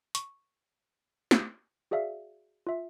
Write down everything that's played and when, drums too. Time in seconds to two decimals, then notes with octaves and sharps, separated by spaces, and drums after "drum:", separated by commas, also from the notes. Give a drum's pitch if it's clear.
0.15 C#6, drum: hi-hat
1.31 drum: snare
1.91 F#4 G#4 D5 E5 F5
2.67 F4 E5